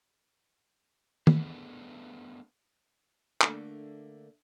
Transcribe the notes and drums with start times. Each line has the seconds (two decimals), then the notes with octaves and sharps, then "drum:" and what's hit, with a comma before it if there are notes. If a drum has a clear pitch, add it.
1.27 A3 B3 D4 G#4 B4 C5, drum: tom D#3
3.41 D3 A3 A#3 D4, drum: clap